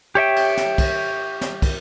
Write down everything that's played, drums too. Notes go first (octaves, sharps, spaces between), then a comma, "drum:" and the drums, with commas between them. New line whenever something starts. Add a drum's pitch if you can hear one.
G4 C#5 E5 G5
drum: cymbal
drum: snare
drum: kick, cymbal
drum: snare
drum: kick, cymbal